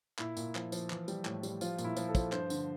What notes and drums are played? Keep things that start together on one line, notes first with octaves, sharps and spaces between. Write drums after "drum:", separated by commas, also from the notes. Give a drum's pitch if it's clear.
A#2 E4, drum: clap
A#2, drum: tambourine
F3, drum: clap
F3, drum: tambourine
E3, drum: clap
G3, drum: tambourine
A2, drum: clap
G3, drum: tambourine
F3 F4, drum: tambourine
A#2, drum: tambourine
E4
F3, drum: tambourine
A4
F3, drum: kick, tambourine
G2 C5, drum: clap
D3, drum: tambourine